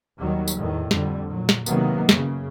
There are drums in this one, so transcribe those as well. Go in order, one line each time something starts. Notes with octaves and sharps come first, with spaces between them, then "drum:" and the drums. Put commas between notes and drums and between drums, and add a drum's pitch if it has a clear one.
D#2 D#3 F#3 G3
drum: tambourine
E2 A2 D#3
F2 D3 G3, drum: snare
A#2 F#3
drum: snare
C3 D#3 F#3 A#3 B3, drum: tambourine
F#2 C#3, drum: snare